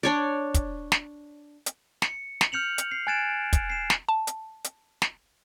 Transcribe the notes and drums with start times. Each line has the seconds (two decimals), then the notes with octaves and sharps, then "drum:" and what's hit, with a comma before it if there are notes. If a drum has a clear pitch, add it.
0.03 D4 C#5 D5
0.54 drum: kick, hi-hat
0.92 drum: snare
1.66 drum: hi-hat
2.02 C#7, drum: snare
2.41 drum: snare
2.52 F6 G6 C#7 F7 F#7
2.78 drum: hi-hat
2.91 C7
3.07 G#5 F#6 G#6 A6 D7 E7
3.53 drum: kick, hi-hat
3.70 C7 E7
3.90 drum: snare
4.09 A5
4.27 drum: hi-hat
4.64 drum: hi-hat
5.02 drum: snare